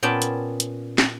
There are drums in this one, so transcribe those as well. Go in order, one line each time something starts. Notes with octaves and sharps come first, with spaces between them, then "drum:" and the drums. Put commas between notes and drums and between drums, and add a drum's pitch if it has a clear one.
A#2 B3 C#4 G5 A5
drum: hi-hat
drum: hi-hat
drum: snare